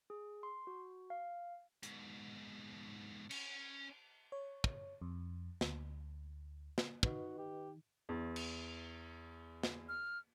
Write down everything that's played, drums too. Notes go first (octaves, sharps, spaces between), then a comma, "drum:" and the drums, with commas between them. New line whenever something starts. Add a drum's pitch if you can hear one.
G#4
C6
F#4
F5
G#2 B2, drum: hi-hat
C#4, drum: cymbal
C#5
drum: kick
F2
D2, drum: snare
drum: snare
D#3 F#4 B4 D#5, drum: kick
G4
E2
drum: cymbal
drum: snare
F6